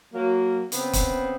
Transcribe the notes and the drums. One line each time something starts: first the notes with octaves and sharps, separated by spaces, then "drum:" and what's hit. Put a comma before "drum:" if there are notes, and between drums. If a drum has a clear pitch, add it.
F#3 A#3
C#3 B3 C4, drum: hi-hat
drum: kick, hi-hat